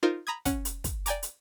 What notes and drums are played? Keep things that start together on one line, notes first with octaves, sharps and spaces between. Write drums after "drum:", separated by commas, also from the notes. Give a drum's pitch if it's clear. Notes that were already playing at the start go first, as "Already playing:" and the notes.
D#4 F4 A#4 C5
A#5 B5 D#6 G#6
C#4 F#5, drum: kick, hi-hat
drum: hi-hat
drum: kick, hi-hat
D5 G5 G#5 A#5 D6, drum: hi-hat
drum: hi-hat